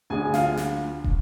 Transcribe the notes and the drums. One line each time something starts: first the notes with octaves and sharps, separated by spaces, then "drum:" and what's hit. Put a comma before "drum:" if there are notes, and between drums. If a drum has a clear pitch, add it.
D2 D3 G#4 G#5
F4 F5, drum: snare
drum: snare
drum: kick